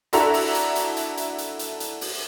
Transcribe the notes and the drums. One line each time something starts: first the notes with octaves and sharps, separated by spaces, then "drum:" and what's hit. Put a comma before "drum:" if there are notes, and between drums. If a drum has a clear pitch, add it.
D4 E4 F#4 A4 E5 A#5, drum: hi-hat
drum: open hi-hat
drum: hi-hat
drum: hi-hat
drum: hi-hat
drum: hi-hat
drum: hi-hat
drum: hi-hat
drum: hi-hat
drum: open hi-hat